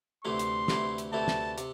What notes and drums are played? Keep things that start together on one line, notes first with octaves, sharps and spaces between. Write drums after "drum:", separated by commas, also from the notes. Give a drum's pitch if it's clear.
D2 C3 E3 A3 E4 C6
drum: hi-hat
D2 C3 E3 A3 E4, drum: snare
drum: hi-hat
D2 C3 E3 A3 E4 A5
drum: snare
C3, drum: hi-hat